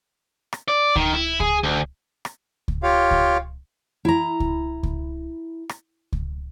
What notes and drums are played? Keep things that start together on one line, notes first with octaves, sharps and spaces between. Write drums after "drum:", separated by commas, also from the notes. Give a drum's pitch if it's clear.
drum: rim click
D5
D#3, drum: kick C#2
E4
G#4, drum: kick C#2
D2
drum: rim click
drum: kick C#2
F4 G4 C#5 F5
drum: kick C#2
E4 A#5
drum: kick C#2
drum: kick C#2
drum: rim click
drum: kick C#2